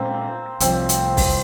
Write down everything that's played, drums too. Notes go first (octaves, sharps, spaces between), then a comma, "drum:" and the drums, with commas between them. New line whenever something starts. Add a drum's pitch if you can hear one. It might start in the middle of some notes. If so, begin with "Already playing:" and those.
Already playing: A#2 G#3 A#3 C4 C#4
C2 C3 F3 C4, drum: hi-hat
drum: hi-hat
drum: kick, open hi-hat